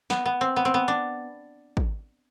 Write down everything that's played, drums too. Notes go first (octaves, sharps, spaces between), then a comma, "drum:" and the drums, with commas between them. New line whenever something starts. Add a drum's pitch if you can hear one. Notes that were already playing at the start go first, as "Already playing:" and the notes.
B3, drum: snare
B3
C4
B3
C4
B3
D4
drum: kick